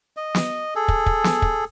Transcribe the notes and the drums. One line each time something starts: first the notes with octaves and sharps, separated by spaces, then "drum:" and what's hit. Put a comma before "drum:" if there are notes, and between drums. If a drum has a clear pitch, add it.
D#5
drum: snare
G#4 A4
drum: kick
drum: kick
drum: snare
drum: kick